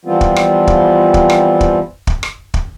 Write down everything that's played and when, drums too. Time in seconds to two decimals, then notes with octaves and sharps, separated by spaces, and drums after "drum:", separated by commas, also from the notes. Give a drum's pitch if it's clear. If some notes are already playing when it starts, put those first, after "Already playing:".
0.05 E3 F3 G3 B3 C4 F4
0.21 drum: kick
0.36 drum: rim click
0.67 drum: kick
1.14 drum: kick
1.30 drum: rim click
1.61 drum: kick
2.07 drum: kick
2.23 drum: rim click
2.54 drum: kick